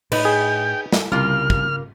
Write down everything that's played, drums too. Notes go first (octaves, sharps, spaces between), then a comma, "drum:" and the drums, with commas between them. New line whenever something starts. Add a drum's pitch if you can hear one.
A2 D#4 B4, drum: cymbal
G#4 G5
drum: snare
C2 C#3 A#3 F4 F6
drum: kick